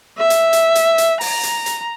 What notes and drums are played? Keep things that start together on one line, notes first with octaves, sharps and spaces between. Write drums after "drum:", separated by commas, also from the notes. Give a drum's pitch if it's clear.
E5
drum: hi-hat
drum: hi-hat
drum: hi-hat
drum: hi-hat
A#5, drum: open hi-hat
drum: hi-hat
drum: hi-hat